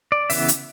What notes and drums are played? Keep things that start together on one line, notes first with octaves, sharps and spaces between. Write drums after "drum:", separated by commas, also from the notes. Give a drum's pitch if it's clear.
D5
C#3 E3 B3 E5, drum: open hi-hat
drum: hi-hat